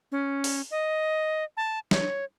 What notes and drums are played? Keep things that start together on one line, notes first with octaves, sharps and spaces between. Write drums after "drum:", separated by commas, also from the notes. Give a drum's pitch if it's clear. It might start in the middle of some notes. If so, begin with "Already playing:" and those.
C#4
drum: open hi-hat
D#5
A5
C#5, drum: snare